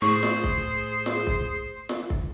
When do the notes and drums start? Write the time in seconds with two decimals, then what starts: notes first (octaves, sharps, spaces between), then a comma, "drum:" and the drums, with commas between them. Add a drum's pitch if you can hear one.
0.02 A2 G#4 C5 C#6
0.23 drum: snare
0.44 drum: kick B1
1.06 drum: snare
1.27 drum: kick B1
1.89 drum: snare
2.10 drum: kick B1